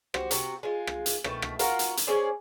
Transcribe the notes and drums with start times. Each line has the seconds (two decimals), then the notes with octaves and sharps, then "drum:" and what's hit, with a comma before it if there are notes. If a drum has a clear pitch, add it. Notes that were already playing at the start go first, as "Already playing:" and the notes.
0.14 F#4 G4 C5, drum: rim click
0.31 C3 F#4, drum: hi-hat
0.63 G#3 F4
0.87 drum: rim click
1.06 drum: hi-hat
1.24 B2 D#3 A3, drum: rim click
1.42 drum: rim click
1.59 F4 F#4 A#4, drum: hi-hat
1.79 drum: hi-hat
1.97 drum: hi-hat
2.07 C#4 G#4 C5 D5